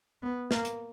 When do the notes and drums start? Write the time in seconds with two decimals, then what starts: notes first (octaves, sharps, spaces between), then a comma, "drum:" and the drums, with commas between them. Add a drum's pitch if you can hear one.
0.22 B3
0.51 A#3, drum: snare
0.65 drum: hi-hat